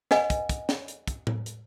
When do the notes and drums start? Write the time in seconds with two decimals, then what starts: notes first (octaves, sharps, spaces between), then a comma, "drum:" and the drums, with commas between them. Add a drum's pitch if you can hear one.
0.11 B4 D#5 F#5 G#5, drum: snare
0.30 drum: kick, hi-hat
0.49 drum: kick, hi-hat
0.69 drum: snare
0.88 drum: hi-hat
1.07 drum: kick, hi-hat
1.27 drum: tom A2
1.46 drum: hi-hat